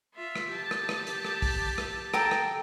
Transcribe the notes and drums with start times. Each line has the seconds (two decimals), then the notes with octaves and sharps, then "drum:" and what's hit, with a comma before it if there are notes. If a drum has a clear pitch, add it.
0.14 F4 E5
0.35 drum: rim click
0.50 G4 A5
0.71 drum: rim click
0.89 drum: rim click
1.07 drum: hi-hat
1.25 drum: rim click
1.42 drum: kick, open hi-hat
1.78 drum: rim click
2.14 A4 G5 A#5, drum: rim click
2.31 drum: rim click